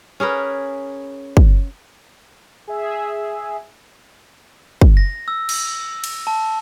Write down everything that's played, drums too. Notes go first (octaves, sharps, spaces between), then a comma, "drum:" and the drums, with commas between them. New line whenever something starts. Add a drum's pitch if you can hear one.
C#4 G#4 A#4 B4
drum: kick
G#4 E5
drum: kick
A#6
E6
drum: cymbal
drum: cymbal
A5